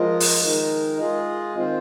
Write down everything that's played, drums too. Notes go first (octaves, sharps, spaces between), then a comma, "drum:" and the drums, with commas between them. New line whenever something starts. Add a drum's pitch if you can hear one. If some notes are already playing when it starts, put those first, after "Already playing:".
Already playing: F3 G#3 F4 A#4 D#5
drum: open hi-hat
D#3 G#3 D#4 A#4
G#3 F4 G#4 D#5
D#3 C4 F4 C5